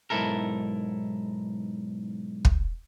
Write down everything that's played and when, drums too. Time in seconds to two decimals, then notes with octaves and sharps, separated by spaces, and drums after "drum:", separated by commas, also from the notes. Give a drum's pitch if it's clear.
0.10 B1 G#2 E4 A4 A#4
2.45 drum: kick